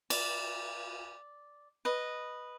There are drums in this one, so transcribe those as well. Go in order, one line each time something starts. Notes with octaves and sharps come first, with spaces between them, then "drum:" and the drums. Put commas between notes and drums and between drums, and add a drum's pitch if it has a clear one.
D5, drum: cymbal
B4 D#5